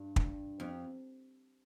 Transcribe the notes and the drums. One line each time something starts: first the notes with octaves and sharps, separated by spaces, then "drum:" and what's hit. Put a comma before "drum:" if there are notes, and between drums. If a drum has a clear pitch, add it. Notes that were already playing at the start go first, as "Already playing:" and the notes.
Already playing: G2
drum: kick
F2